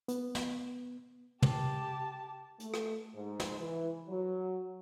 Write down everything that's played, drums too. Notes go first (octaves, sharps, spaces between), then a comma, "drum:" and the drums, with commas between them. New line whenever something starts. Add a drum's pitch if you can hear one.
B3, drum: hi-hat
drum: snare
G4 A5, drum: tom
A3, drum: hi-hat
drum: rim click
G#2
drum: snare
E3
F#3